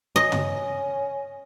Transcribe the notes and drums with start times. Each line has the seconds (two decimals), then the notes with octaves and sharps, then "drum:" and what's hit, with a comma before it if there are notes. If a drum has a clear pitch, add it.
0.16 C#4 D#5
0.32 drum: tom